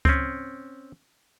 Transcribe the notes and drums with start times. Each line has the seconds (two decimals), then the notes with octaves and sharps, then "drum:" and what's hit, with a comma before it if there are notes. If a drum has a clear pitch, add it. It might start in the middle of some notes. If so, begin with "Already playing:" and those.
0.05 C4 C#4, drum: kick C#2